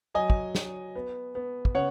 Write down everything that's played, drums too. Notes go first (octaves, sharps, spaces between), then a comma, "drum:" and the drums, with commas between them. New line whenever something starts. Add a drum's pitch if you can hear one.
F#3 D#5 G#5
drum: kick
F#3, drum: snare
B3
B3
drum: kick
C#3 C#5 F#5